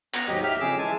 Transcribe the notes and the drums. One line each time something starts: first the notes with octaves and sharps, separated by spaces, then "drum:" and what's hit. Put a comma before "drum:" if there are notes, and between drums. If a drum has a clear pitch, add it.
B3 A#5, drum: clap
D#2 G#2 F#3 G4 D#5
G4 E5 F6
F2 C#3 G#4 D6 E6
E3 G#3 G#5 A5